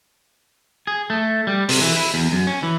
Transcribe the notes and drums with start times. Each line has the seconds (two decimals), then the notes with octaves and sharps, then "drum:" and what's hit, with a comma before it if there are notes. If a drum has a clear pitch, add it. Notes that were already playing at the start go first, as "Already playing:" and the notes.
0.87 G#4
1.10 A3
1.47 G3
1.69 C3, drum: open hi-hat
1.81 E3
1.96 E4
2.14 E2
2.32 F#2
2.47 C#4
2.63 E3